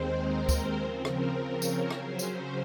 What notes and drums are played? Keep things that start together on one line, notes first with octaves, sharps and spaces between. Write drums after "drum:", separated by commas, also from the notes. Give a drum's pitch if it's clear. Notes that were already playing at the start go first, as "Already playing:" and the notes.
Already playing: D#2 D#3 G#3 C4 C5
A#4
drum: kick, tambourine
C#3 F3 C4
A#4, drum: rim click
A#4
C#5, drum: tambourine
C#3 F#3 C#4 C5, drum: rim click
drum: tambourine